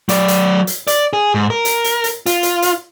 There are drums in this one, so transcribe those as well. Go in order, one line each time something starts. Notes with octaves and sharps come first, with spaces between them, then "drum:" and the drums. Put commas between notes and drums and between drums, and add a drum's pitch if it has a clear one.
F#3 D5, drum: hi-hat
drum: hi-hat
drum: hi-hat
D5, drum: hi-hat
G#4
G#2
A#4
drum: hi-hat
drum: hi-hat
drum: hi-hat
F4, drum: hi-hat
drum: hi-hat
drum: hi-hat